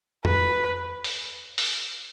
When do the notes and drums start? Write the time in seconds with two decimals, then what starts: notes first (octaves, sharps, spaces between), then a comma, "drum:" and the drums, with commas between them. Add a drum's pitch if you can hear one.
0.25 B4, drum: tom F2
1.04 drum: open hi-hat
1.58 drum: open hi-hat